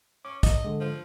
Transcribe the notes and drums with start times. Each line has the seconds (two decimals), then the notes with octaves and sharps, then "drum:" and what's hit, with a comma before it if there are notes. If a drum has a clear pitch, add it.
0.25 C#4 D6
0.43 D#5, drum: kick, hi-hat
0.65 D3 G#3
0.80 F3